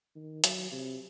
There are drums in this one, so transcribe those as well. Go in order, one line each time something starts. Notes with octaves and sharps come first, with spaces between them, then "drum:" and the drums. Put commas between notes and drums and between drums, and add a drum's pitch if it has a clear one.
D#3
F#3, drum: hi-hat
C3